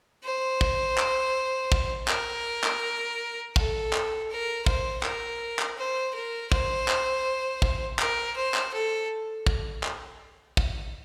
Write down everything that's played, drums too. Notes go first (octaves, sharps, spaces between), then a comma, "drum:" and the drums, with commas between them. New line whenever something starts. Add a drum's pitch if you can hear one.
C5
drum: kick
drum: clap
drum: kick
A#4, drum: clap
drum: clap
A4, drum: kick
drum: clap
A#4
C5, drum: kick
A#4, drum: clap
drum: clap
C5
A#4
C5, drum: kick
drum: clap
drum: kick
A#4, drum: clap
C5
drum: clap
A4
drum: kick
drum: clap
drum: kick